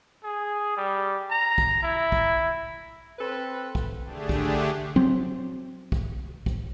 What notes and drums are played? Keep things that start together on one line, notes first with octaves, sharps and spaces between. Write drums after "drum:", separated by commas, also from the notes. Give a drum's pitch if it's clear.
G#4
G3
A#5
drum: kick
E4
drum: kick
C4 A4 B4
drum: kick
D3 A3 D4 G4 G#4
drum: kick
F#3 C4
drum: kick
drum: kick